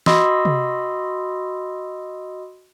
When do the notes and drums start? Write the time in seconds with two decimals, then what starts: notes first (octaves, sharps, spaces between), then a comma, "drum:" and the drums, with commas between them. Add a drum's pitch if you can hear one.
0.06 F#4 D#5 B5 C6 D#6 E6, drum: snare
0.45 drum: tom C3